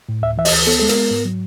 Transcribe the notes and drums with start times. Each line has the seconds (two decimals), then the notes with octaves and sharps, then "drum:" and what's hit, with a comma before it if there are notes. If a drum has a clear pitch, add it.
0.09 A2
0.22 D2 E5
0.38 E3 E5
0.45 D#5, drum: open hi-hat
0.51 D2
0.67 B3 A4
0.80 G#3 A4
0.89 A#4, drum: hi-hat
0.96 B3
1.11 G#2
1.25 F#3